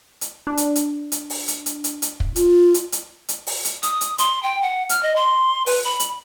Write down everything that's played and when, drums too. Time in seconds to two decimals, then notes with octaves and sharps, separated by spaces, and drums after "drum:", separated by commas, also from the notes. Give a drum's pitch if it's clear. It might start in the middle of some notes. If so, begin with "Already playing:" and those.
0.21 drum: hi-hat
0.47 D4
0.57 drum: hi-hat
0.75 drum: hi-hat
1.12 drum: hi-hat
1.30 drum: open hi-hat
1.48 drum: hi-hat
1.66 drum: hi-hat
1.84 drum: hi-hat
2.02 drum: hi-hat
2.20 drum: kick
2.36 F4, drum: hi-hat
2.74 drum: hi-hat
2.92 drum: hi-hat
3.29 drum: hi-hat
3.47 drum: open hi-hat
3.65 drum: hi-hat
3.83 D#6, drum: hi-hat
4.01 drum: hi-hat
4.18 C6, drum: hi-hat
4.43 G5
4.62 F#5
4.89 F6, drum: hi-hat
5.03 D#5
5.16 C6
5.66 B4, drum: open hi-hat
5.85 B5
6.00 drum: hi-hat